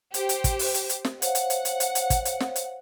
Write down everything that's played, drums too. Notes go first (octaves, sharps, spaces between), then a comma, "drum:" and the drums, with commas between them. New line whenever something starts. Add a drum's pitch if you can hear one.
G4 C5, drum: hi-hat
drum: hi-hat
drum: kick, hi-hat
drum: open hi-hat
drum: hi-hat
drum: hi-hat
drum: snare
C5 C#5 F5 F#5, drum: hi-hat
drum: hi-hat
drum: hi-hat
drum: hi-hat
drum: hi-hat
drum: hi-hat
drum: kick, hi-hat
drum: hi-hat
drum: snare
drum: hi-hat